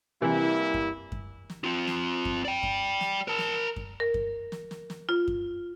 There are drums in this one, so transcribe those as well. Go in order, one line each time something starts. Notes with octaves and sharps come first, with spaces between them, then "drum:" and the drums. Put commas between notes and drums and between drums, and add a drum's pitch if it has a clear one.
C3 E3 G3 A#3 E4
drum: kick F#2
drum: kick F#2
drum: snare
C4 F4
drum: snare
drum: kick F#2
D5 G5
drum: kick F#2
drum: snare
A#4 A5
drum: snare
drum: kick F#2
A#4
drum: kick F#2
drum: snare
drum: snare
drum: snare
F4
drum: kick F#2